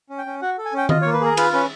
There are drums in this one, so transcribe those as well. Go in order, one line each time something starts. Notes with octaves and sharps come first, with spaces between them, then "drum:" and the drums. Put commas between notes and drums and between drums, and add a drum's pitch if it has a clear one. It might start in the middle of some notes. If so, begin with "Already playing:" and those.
C#4
G5
C#4
F#4 F#5
A4
G#5
C#4 G5
F4 D#5, drum: tom D#3
A#3 C#5
B4
G#4 A#4
F4 B4, drum: cymbal
C#4 B4